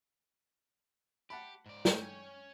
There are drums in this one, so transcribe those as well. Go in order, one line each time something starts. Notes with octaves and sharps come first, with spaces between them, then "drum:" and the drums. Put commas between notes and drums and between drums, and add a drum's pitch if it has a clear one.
G4 F#5 A5 B5
G#2 D5
G5, drum: snare
C#5 G#5